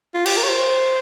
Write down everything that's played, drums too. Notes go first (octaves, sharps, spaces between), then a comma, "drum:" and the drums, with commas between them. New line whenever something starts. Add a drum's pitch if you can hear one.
F4
G4, drum: cymbal
A#4
C#5
C5